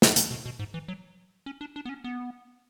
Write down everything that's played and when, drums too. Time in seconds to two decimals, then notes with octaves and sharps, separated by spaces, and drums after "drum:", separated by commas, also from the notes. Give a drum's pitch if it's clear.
0.02 C#3, drum: snare
0.16 C#3, drum: hi-hat
0.31 B2
0.46 B2
0.59 G#2
0.74 E3
0.88 F#3
1.46 C#4
1.61 D4
1.76 D4
1.85 B3
1.89 C#4
2.04 B3